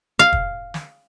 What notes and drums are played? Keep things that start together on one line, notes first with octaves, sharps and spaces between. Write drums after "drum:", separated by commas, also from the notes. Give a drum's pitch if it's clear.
F5
drum: kick
drum: snare